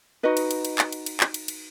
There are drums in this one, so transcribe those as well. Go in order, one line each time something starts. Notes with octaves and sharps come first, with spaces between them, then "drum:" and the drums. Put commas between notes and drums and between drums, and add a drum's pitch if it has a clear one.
D#4 F#4 B4 D#5
drum: cymbal
drum: cymbal
drum: cymbal
drum: clap
drum: cymbal
drum: cymbal
drum: clap
drum: cymbal
drum: cymbal